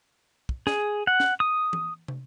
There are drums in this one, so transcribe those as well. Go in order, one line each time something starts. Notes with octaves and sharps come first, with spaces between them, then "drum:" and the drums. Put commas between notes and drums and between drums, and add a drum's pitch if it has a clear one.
drum: kick
G#4, drum: snare
F#5
drum: snare
D#6
drum: tom E3
drum: tom